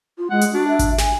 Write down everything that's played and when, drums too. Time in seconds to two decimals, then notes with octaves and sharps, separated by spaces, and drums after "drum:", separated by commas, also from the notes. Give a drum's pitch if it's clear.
0.18 F4
0.31 G#3 F#5
0.41 drum: hi-hat
0.53 D4 F#4
0.68 E5
0.79 drum: kick G#1, hi-hat
0.98 G#5, drum: snare